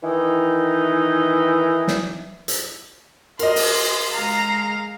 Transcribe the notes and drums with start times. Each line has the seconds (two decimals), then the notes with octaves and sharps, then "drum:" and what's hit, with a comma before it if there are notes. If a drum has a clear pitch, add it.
0.03 D#3 E3 D#4
1.88 drum: snare
2.48 drum: hi-hat
3.39 A#4 D#5 C6, drum: cymbal
3.56 drum: open hi-hat
4.12 G#3 F5 A#5